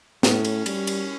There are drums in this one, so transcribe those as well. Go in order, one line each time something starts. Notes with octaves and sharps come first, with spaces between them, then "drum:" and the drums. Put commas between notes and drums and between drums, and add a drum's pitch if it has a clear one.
A2 C#4, drum: snare
drum: cymbal
G3, drum: cymbal
drum: cymbal